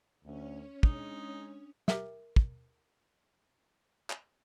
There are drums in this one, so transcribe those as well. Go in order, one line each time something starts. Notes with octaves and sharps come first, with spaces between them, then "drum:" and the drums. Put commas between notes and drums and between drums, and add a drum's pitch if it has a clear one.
D2 C#4 C#5
G#3 D4 D#4 D#6, drum: kick
G4 A#4 E5, drum: snare
drum: kick
drum: clap